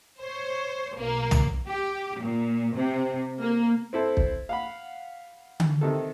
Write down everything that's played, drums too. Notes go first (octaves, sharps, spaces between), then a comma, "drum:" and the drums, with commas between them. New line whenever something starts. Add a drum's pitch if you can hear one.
C5 C#5
B1 A#3
drum: tom
G4
A#2
C3
A#3
C4 E4 A4 C5
drum: kick
F5 F#5 B5
drum: tom D3
C3 D#3 A4